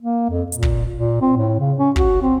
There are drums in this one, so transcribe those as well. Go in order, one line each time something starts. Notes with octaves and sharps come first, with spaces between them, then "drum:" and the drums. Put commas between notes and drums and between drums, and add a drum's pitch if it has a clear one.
A#3
F2
A#2, drum: hi-hat
drum: kick
A#2
C4
A2
C#3
C#4
F#4, drum: kick
C4